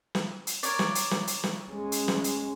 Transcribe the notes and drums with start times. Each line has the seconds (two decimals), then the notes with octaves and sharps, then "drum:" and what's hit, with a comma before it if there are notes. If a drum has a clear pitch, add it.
0.15 drum: snare
0.47 drum: hi-hat
0.63 A#4 C#5 D5, drum: hi-hat
0.79 drum: snare
0.95 drum: hi-hat
1.11 drum: snare
1.27 drum: hi-hat
1.44 drum: snare
1.72 G#3 C#4
1.92 drum: hi-hat
2.08 drum: snare
2.24 drum: hi-hat